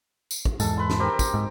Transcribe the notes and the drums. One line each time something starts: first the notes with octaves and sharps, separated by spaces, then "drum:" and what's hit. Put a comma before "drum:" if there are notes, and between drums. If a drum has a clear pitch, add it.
drum: tambourine
drum: kick
E2 G#2 A4, drum: tambourine
B4 C6
drum: snare
C4 G4 A#4
drum: kick, tambourine
G#2